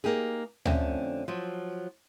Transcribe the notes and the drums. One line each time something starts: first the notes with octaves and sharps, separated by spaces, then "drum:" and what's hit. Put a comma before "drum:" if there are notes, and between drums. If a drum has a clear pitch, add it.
A#3 D#4 G4 G#4
F2 D3 A3 C4 C#4, drum: tom D2
F3 F#3